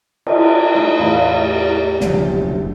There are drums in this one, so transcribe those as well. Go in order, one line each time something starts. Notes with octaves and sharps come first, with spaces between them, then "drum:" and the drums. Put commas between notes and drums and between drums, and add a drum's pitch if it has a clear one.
drum: cymbal
A3 D#4 D#5
E2 A2 F5 B5
A3 G4
F#1 D2 B2 D3 F3 F#3, drum: snare